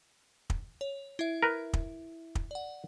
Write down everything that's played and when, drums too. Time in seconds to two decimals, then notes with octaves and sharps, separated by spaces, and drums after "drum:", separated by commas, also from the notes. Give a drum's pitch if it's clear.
0.50 drum: kick
0.81 C#5
1.19 E4 E5
1.43 A#4 B4
1.73 drum: kick
2.35 drum: kick
2.51 D5 F#5